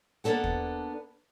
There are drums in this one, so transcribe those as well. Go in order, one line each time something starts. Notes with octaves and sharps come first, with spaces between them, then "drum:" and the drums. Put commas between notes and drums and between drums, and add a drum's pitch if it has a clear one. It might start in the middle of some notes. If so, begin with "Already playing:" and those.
A#3 B3 D4 A4 F#5
drum: kick